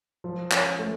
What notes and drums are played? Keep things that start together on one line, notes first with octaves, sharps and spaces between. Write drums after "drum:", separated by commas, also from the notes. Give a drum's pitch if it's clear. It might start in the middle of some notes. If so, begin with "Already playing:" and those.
F3
C#4, drum: clap
A3